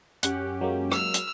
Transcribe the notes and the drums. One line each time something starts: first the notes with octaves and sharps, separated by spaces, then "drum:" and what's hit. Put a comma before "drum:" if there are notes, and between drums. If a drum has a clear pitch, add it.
F#2 C#4 G4 F#5, drum: hi-hat
F#3 G#3 A#3
E6 F6, drum: rim click
drum: hi-hat